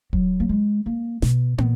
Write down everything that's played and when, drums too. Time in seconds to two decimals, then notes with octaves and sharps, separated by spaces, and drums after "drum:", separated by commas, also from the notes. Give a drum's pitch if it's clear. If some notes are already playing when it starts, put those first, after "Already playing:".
0.13 F#3, drum: kick D#1
0.40 A#3
0.49 G#3
0.86 A#3
1.22 B2, drum: snare
1.58 A#2, drum: tom